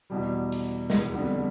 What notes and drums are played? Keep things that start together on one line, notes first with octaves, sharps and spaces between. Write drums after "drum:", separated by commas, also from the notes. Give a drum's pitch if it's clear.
E2 B2 G3
drum: hi-hat
drum: snare
F2 D3 G3 B3